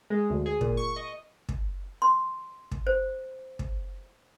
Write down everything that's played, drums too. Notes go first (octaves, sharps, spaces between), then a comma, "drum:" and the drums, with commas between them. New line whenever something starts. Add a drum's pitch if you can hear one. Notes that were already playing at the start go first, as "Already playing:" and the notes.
G#3
D2
G#4
A#2, drum: kick
C#6
D#5
drum: kick
C6
drum: kick
C5
drum: kick